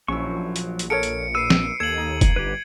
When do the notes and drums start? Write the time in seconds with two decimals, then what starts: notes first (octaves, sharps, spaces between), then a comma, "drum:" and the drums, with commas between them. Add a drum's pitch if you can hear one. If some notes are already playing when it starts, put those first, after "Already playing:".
0.08 A#1 F3 F#3 C#4 E4 C#6
0.56 drum: hi-hat
0.79 drum: hi-hat
0.90 A4 A#4 C#5 C#7 D7
1.03 drum: hi-hat
1.35 B4 E6 C7 D#7
1.50 drum: snare
1.80 D#2 A4 G#6 F#7
1.98 D#4
2.21 drum: kick F1, hi-hat
2.36 G1 G4 B4